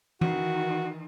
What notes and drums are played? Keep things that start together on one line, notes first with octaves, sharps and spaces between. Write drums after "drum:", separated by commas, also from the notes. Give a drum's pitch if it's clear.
D#3 E3 F#4, drum: tom E3